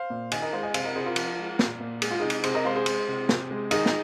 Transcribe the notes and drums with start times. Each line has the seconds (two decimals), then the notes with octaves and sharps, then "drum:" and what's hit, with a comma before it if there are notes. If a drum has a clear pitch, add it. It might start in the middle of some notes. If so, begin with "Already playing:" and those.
Already playing: C5 F5
0.10 A#2
0.31 D#3 D#5 G#5, drum: cymbal
0.42 A#4 D#5
0.53 G#3 C5 F5
0.63 D#5 G#5
0.74 C3 C5 F5, drum: cymbal
0.85 A#4 D#5
0.95 C3 G#4 C5
1.06 F4 A#4
1.16 F3, drum: cymbal
1.38 G#3
1.59 A#2, drum: snare
1.80 A#2
2.02 G#3 G#4, drum: cymbal
2.11 F4
2.20 C3 D#4 G#4
2.30 drum: cymbal
2.43 C3 G#4 C5, drum: cymbal
2.54 A#4 D#5
2.65 G#3 C5 F5
2.75 G#4 C5
2.86 G#3, drum: cymbal
3.08 C3
3.29 C3, drum: snare
3.51 G#3
3.71 D#3 D#4 G#4, drum: cymbal
3.86 drum: snare